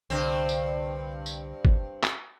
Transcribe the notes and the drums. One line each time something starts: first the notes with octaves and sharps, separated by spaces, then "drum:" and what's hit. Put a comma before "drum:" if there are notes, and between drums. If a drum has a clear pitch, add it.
C2 G2 D3 C4
drum: tambourine
drum: tambourine
drum: kick
drum: clap